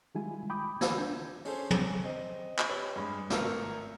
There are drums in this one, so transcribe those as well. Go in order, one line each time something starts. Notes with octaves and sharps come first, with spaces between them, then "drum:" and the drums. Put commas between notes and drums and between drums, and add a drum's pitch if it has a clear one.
D#3 G3 G#3 E4 F4 G#5
G5 B5 D6 D#6 G6
D#3 G4 B5 E6 G#6, drum: snare
D4 E4 G6
C#4 G#4 A4 C5, drum: open hi-hat
drum: tom
C4 D#5
drum: clap
G4 B4 C#5
G2 G#3 B5
G#1 A3 A#4 E6, drum: snare